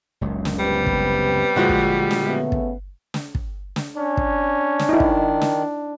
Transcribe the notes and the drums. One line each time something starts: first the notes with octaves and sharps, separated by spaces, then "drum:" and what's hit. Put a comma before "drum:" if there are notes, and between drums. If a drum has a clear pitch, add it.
F#1 C#2
drum: snare
C3 G3 B3 B4
drum: kick
A#2 D3 F3 G#3 F#4
drum: kick
drum: snare
C#3 A3 B3
drum: kick
drum: snare
drum: kick
drum: snare
C#4 D4
drum: kick
drum: snare
D#3 D#4 E4
drum: kick
drum: snare